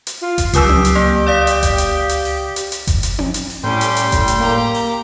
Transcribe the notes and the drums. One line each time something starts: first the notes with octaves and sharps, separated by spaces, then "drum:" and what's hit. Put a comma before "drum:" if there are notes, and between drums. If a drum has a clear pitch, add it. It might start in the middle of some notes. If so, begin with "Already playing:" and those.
drum: hi-hat
F4
drum: kick F#1, hi-hat
C#2 F#3 G4 D#6 E6 C7, drum: hi-hat
drum: tom C4
drum: hi-hat
A#3
D5 F5 D#6
drum: hi-hat
drum: kick F#1, hi-hat
drum: hi-hat
drum: hi-hat
drum: open hi-hat
drum: hi-hat
drum: hi-hat
drum: kick F#1, hi-hat
drum: hi-hat
drum: tom C4
drum: hi-hat
drum: open hi-hat
A2 G3 C#4 G4 G5 C6
drum: hi-hat
drum: hi-hat
drum: kick F#1, hi-hat
drum: hi-hat
A#3 G4 A#5
drum: open hi-hat